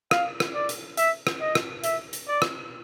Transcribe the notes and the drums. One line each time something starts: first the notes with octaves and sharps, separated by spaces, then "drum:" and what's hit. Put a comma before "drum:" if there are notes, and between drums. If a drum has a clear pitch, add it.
F5, drum: rim click
drum: rim click
D5
drum: hi-hat
E5, drum: hi-hat
drum: rim click
D#5
drum: rim click
E5, drum: hi-hat
drum: hi-hat
D5
drum: rim click